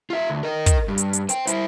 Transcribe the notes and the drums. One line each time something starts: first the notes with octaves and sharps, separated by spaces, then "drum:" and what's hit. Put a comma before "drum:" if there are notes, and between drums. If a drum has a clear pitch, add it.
F4 E5
D2
A#4 D#5
drum: kick, hi-hat
G2
drum: hi-hat
drum: hi-hat
C5 G5, drum: hi-hat
E4 C5, drum: hi-hat